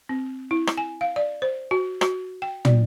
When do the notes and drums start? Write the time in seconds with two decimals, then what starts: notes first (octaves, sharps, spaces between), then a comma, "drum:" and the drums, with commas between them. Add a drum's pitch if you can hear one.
0.09 C4
0.51 E4
0.67 drum: rim click
0.77 G#5
1.01 F5
1.16 D5
1.42 C5
1.71 F#4
2.01 F#4, drum: rim click
2.42 G5
2.65 D5, drum: tom